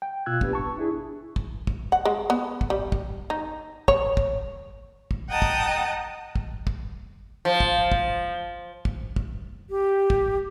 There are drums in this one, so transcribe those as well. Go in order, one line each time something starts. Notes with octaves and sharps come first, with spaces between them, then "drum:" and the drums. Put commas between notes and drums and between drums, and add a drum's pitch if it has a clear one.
G5
B2 F4 E6 F#6 G#6
B3 D4 G4 B4, drum: kick
A5 C#6
D4 E4 G#4
drum: kick
drum: kick
F#5
G#3
B3
drum: kick
G3
drum: kick
D#4
C#5, drum: kick
drum: kick
drum: kick
D#5 F#5 G5 A5 A#5 D#6
drum: kick
drum: kick
drum: kick
F3
drum: kick
drum: kick
drum: kick
drum: kick
G4
drum: kick